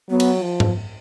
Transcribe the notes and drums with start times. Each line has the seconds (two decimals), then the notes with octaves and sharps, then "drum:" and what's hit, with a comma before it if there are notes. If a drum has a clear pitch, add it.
0.10 F#3 B3
0.20 drum: cymbal
0.42 F3
0.60 drum: tom G#2